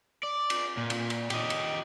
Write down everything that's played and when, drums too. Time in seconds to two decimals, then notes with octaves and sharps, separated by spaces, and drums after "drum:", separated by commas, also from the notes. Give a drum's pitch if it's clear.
0.23 D5
0.50 drum: cymbal
0.77 A#2
0.90 drum: cymbal
1.10 drum: cymbal
1.30 G4 D#5, drum: cymbal
1.50 drum: cymbal